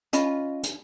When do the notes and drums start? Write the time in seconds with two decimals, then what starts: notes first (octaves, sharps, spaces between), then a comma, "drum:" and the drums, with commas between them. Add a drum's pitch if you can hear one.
0.13 C#4 F4 D#5 B5, drum: hi-hat
0.63 drum: hi-hat